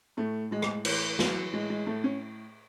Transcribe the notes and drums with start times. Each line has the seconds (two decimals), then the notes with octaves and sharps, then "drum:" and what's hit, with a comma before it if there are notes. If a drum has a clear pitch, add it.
0.17 A2 A3
0.51 A2 G#3
0.62 drum: rim click
0.85 E3, drum: cymbal
1.19 E3 F#3, drum: snare
1.53 A2 G#3
1.70 G#3
1.87 A2 A3
2.04 C#4